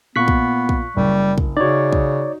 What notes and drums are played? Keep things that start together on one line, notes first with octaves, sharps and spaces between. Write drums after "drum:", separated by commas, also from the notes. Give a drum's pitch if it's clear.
A#2 B3 C#6 F#6 B6
drum: kick
drum: kick
F#1 G3
drum: kick
C#3 D#4 F#4 C#5 D5
drum: kick